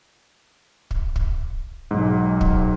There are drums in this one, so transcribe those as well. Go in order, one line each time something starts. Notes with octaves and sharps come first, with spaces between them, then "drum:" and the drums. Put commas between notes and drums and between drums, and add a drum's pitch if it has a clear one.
drum: kick
drum: kick
B1 G#2
drum: kick